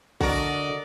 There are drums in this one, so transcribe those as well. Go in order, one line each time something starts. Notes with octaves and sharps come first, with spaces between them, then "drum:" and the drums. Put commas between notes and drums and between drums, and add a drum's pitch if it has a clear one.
D3 F#4 A#4 D5 D#5, drum: kick A#1